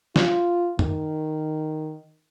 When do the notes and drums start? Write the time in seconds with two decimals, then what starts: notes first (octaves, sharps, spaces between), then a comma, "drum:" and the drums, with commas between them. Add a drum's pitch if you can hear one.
0.16 F4, drum: snare
0.79 D#3, drum: tom F#2